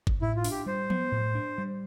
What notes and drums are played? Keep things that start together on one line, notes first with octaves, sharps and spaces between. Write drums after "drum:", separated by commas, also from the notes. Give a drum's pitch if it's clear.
drum: kick G#1
A2 E4
F4
D4, drum: open hi-hat
G4
G3 C5
B3, drum: tom F3
A2
D4
G3